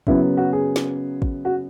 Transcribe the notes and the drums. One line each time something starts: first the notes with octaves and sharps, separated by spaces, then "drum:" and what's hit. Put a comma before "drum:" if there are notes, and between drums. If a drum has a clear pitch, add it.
F#2 C#3 F#3 B3 E4, drum: kick
F#4
G#4
drum: snare
drum: kick
F#4